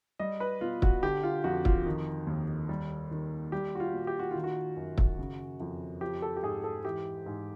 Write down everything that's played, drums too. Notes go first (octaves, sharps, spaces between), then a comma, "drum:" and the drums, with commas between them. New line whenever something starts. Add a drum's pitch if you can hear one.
G3 D#5
B4
B2 F4
F#4, drum: kick
D3 G4
F4
F2 F#4
F4, drum: kick
D#3
D#2
G3
D#3
G3 G4
F#4
F4
A#2
G4
F#4
D#3 F4
F#4
F#2
drum: kick
C#3
F2
F3 G4
A4
G4
G#2 G#4
A4
E3 G4
G#2